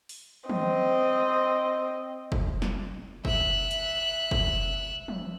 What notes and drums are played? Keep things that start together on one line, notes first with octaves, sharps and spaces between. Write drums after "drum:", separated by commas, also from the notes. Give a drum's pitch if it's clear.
drum: open hi-hat
C4 D#5, drum: tom
drum: kick
drum: snare
E5 F#6, drum: kick
drum: hi-hat
drum: kick
drum: tom